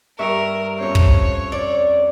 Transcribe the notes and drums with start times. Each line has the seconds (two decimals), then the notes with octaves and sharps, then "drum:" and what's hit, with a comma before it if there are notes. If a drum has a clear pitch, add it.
0.19 G2 A#4 E5 C#6
0.79 F2 C#4 C5 C#5
0.95 drum: kick
1.52 D5